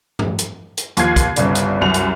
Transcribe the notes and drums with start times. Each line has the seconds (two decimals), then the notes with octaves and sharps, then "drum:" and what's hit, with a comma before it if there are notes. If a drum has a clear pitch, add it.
0.19 drum: tom G2
0.38 drum: hi-hat
0.77 drum: hi-hat
0.97 D#2 F3 F4 G#6 C7, drum: hi-hat
1.16 drum: kick, hi-hat
1.36 G1 C2 C#3 D5, drum: hi-hat
1.55 drum: hi-hat
1.81 C2 F#2 F7
1.94 drum: hi-hat